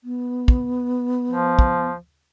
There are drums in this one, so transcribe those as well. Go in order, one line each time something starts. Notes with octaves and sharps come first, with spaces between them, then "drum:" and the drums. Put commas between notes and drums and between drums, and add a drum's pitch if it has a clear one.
B3
drum: kick
F3
drum: kick